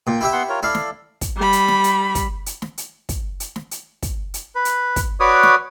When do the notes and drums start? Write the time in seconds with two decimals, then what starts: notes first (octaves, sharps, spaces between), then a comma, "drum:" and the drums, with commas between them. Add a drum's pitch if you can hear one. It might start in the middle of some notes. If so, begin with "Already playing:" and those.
0.07 A#2 G5
0.21 E4 G4 E5
0.32 B3 F#5 C6
0.49 F4 A#4 C#5
0.63 E4 A4 D5 F5
0.74 drum: snare
1.21 drum: kick, hi-hat
1.37 G3 B5
1.53 drum: hi-hat
1.68 drum: snare
1.84 drum: hi-hat
2.15 drum: kick, hi-hat
2.46 drum: hi-hat
2.62 drum: snare
2.78 drum: hi-hat
3.09 drum: kick, hi-hat
3.40 drum: hi-hat
3.56 drum: snare
3.71 drum: hi-hat
4.03 drum: kick, hi-hat
4.34 drum: hi-hat
4.55 B4
4.65 drum: hi-hat
4.96 drum: kick, hi-hat
5.20 F#4 B4 C#5 D5 D#6
5.43 drum: snare